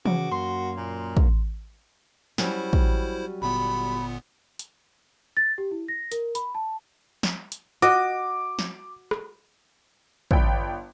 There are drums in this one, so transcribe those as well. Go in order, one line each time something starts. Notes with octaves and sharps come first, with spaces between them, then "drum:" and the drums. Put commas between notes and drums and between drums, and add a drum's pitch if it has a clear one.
C#3 F#4 D6, drum: tom E3
F#2 A#3 C6
A#2
drum: kick
F#3 G3 C#4 E4 C5, drum: snare
drum: kick
G1 A#2 B3 B5
drum: hi-hat
A6
G4
E4
A#6
A#4, drum: hi-hat
B5, drum: hi-hat
A5
drum: snare
drum: hi-hat
F#4 D#5 D6, drum: hi-hat
drum: snare
drum: rim click
G1 D5 G5 B5, drum: kick